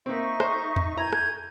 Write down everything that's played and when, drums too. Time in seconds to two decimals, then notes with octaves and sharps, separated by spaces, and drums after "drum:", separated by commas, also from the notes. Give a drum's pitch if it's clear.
0.06 A#3 C4 D#4 E5 C#6
0.40 C5, drum: rim click
0.76 drum: tom E2
0.97 E4 G#5 A#5 G6 G#6
1.13 drum: rim click